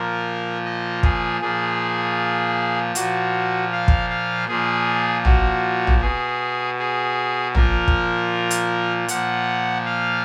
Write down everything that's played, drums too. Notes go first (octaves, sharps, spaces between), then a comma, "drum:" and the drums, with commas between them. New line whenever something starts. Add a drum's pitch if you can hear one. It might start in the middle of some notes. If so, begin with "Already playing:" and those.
Already playing: A#2 F3 A#4
D#5
G#4, drum: kick
A#2 F3 G#4
A#2 F3 F#4, drum: hi-hat
F5
drum: kick
F5
A#2 F3 G#4
F#4, drum: tom
drum: tom
B2 G#4
G#4
A#2 F3 A#4, drum: tom
drum: kick
drum: hi-hat
A#2 F3 F#5, drum: hi-hat
F5